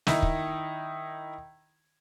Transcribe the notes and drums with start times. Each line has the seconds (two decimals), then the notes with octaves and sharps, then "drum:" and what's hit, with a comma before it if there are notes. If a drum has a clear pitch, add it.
0.07 D#3 D#4 E4, drum: snare
0.22 drum: kick